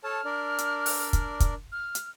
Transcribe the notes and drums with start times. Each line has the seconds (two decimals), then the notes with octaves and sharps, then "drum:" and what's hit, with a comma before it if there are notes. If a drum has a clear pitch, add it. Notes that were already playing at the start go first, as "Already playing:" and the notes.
0.04 A4 C#5 A5 F6
0.25 D4 A#4 D5
0.58 drum: hi-hat
0.86 drum: open hi-hat
1.13 drum: kick, hi-hat
1.40 drum: kick, hi-hat
1.72 F6
1.95 drum: hi-hat